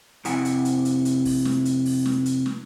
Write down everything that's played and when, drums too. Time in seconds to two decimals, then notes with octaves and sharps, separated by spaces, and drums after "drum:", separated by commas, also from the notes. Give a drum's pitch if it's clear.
0.25 F2 C3 E4 F#5 G#5, drum: hi-hat
0.45 drum: hi-hat
0.65 drum: hi-hat
0.85 drum: hi-hat
1.05 drum: hi-hat
1.25 drum: kick, open hi-hat
1.45 drum: snare
1.65 drum: hi-hat
1.85 drum: open hi-hat
2.06 drum: snare
2.26 drum: hi-hat
2.46 drum: snare